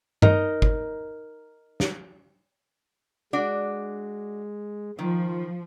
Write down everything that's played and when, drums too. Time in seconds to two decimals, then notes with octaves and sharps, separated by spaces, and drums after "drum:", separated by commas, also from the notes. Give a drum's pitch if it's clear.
0.22 D#4 A#4 D#5, drum: tom G2
0.62 drum: kick G1
1.80 drum: snare
3.33 G#3 D4 F#4 D5
4.99 D#3 F3